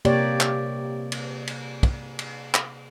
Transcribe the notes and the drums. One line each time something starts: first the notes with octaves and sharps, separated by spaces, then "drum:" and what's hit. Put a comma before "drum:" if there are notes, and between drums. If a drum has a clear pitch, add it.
C3 A#3 G4 C#5 D5, drum: cymbal
drum: clap
drum: cymbal
drum: cymbal
drum: kick, cymbal
drum: cymbal
drum: clap